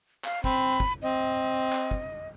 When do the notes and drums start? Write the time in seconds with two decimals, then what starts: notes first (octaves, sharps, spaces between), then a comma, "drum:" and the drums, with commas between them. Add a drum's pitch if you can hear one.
0.24 F5, drum: clap
0.44 C4 B5, drum: kick
0.80 drum: kick
1.02 C4 D#5
1.73 drum: clap
1.91 drum: kick